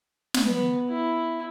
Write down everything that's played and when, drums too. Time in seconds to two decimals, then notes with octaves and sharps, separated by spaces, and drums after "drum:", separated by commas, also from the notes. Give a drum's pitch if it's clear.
0.34 drum: snare
0.45 B3
0.89 E4